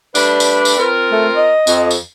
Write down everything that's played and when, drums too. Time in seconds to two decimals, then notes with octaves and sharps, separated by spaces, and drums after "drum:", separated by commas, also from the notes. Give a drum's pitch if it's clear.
0.15 G3 A3 D4 B4, drum: tambourine
0.40 drum: tambourine
0.65 drum: tambourine
0.78 C4 F4 A#4
1.12 A3
1.36 D#5
1.67 F2, drum: tambourine
1.91 drum: tambourine